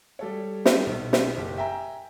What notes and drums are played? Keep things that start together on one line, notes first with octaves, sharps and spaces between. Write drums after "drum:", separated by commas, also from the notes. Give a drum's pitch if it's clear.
G3 A4 C#5
drum: snare
B1
drum: snare
F#1 G4
E5 G5 G#5 A#5